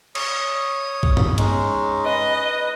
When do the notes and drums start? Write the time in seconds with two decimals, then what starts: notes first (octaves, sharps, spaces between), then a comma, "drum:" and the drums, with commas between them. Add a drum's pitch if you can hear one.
0.15 C#5 D#6, drum: cymbal
1.03 drum: kick A1
1.17 drum: tom G2
1.38 G#3 C#4 D#4, drum: hi-hat
2.06 B4 D#5